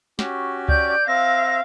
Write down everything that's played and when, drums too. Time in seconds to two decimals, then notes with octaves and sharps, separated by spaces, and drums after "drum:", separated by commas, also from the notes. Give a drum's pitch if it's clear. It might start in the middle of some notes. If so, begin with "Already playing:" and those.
0.19 C#4 F#4 G4, drum: snare
0.68 D5 G6, drum: kick C#2
1.08 C4 E5 F5 A#6